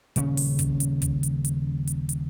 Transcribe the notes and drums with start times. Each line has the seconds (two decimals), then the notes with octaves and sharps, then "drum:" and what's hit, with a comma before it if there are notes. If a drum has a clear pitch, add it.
0.16 D#1 C#3 C#4, drum: hi-hat
0.37 drum: open hi-hat
0.59 drum: kick, hi-hat
0.80 drum: hi-hat
1.02 drum: kick, hi-hat
1.23 drum: hi-hat
1.45 drum: hi-hat
1.87 drum: hi-hat
2.09 drum: hi-hat